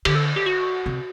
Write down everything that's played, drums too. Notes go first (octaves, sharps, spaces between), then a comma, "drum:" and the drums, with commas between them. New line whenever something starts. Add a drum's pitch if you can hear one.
D3 G4, drum: cymbal
A4
G4
F#4
C3